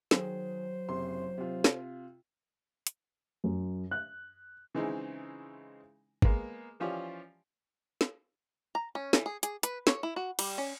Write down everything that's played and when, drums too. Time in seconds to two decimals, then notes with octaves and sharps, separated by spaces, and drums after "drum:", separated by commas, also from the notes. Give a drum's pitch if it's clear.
0.11 D#3 F#3 G#4 C5, drum: snare
0.89 F#1 C3 C6
1.38 C3 F4
1.64 drum: snare
2.87 drum: hi-hat
3.44 F#2
3.91 F#6
4.75 C#3 E3 G#3 C4 D#4 E4
6.22 G#3 A#3 B3, drum: kick
6.80 E3 F3 C#4 F4 G4 D5
8.01 drum: snare
8.75 A#5
8.95 C#4
9.13 E3, drum: snare
9.26 G#4
9.43 G#4, drum: hi-hat
9.63 B4, drum: hi-hat
9.87 C#5, drum: snare
10.03 E4
10.16 F#4
10.39 G3, drum: cymbal
10.58 C#4